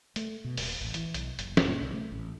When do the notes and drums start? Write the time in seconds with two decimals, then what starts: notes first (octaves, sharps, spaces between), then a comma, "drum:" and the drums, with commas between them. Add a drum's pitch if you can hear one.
0.16 A3, drum: hi-hat
0.44 B2
0.57 D#1, drum: open hi-hat
0.81 A1
0.94 E3, drum: hi-hat
1.14 B1, drum: hi-hat
1.39 F#1, drum: hi-hat
1.57 drum: snare
1.68 A#2
1.82 C2
1.94 A3
2.12 A1